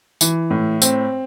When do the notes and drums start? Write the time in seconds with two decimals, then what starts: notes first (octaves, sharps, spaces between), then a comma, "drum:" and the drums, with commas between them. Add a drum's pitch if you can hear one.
0.21 E3, drum: tambourine
0.51 A2
0.82 C4, drum: tambourine